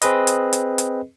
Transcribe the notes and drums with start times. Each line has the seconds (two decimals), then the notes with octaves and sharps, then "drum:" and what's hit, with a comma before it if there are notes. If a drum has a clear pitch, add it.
0.02 C4 G#4 B4 D#5, drum: hi-hat
0.27 drum: hi-hat
0.53 drum: hi-hat
0.78 drum: hi-hat